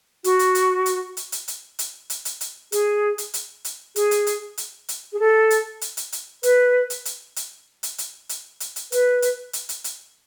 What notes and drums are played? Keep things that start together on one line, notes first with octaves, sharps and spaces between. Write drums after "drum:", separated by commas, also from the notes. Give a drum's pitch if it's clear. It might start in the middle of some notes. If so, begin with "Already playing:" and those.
F#4, drum: hi-hat
drum: hi-hat
drum: hi-hat
drum: hi-hat
drum: hi-hat
drum: hi-hat
drum: hi-hat
drum: hi-hat
drum: hi-hat
drum: hi-hat
drum: hi-hat
G#4, drum: hi-hat
drum: hi-hat
drum: hi-hat
drum: hi-hat
G#4, drum: hi-hat
drum: hi-hat
drum: hi-hat
drum: hi-hat
drum: hi-hat
G#4
A4
drum: hi-hat
drum: hi-hat
drum: hi-hat
drum: hi-hat
B4, drum: hi-hat
drum: hi-hat
drum: hi-hat
drum: hi-hat
drum: hi-hat
drum: hi-hat
drum: hi-hat
drum: hi-hat
drum: hi-hat
B4, drum: hi-hat
drum: hi-hat
drum: hi-hat
drum: hi-hat
drum: hi-hat